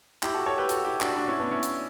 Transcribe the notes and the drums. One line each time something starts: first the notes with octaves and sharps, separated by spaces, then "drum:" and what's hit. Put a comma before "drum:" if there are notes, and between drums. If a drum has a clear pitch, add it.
E4 G4, drum: clap
F#4 A4
A4 C#5
G4 B4
F#4 A4, drum: hi-hat
E4 G4
D4 F#4, drum: clap
D4 F#4
C#4 E4
B3 D4
C#4 E4
drum: hi-hat